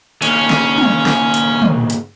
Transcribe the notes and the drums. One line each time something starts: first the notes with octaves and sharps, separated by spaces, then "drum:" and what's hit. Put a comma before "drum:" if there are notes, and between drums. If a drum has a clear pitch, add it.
D#2 C#3 C#4, drum: hi-hat
drum: snare
drum: tom
drum: snare
drum: hi-hat
drum: tom
drum: hi-hat